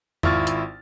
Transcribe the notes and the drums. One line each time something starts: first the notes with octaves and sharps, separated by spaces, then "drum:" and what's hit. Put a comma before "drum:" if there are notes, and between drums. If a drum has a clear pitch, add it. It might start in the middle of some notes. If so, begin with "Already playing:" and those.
G#1 E4 F4 C#6 F6 A6, drum: tom E2
drum: hi-hat